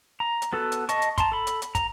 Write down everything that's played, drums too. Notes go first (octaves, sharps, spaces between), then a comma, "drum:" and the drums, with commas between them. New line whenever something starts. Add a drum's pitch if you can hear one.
A#5
drum: hi-hat
B3 F#4 A4
drum: hi-hat
D#5 A5 C#6, drum: hi-hat
drum: hi-hat
A5 A#5 C6, drum: kick, hi-hat
A4 B5
drum: hi-hat
drum: hi-hat
A#5, drum: kick, hi-hat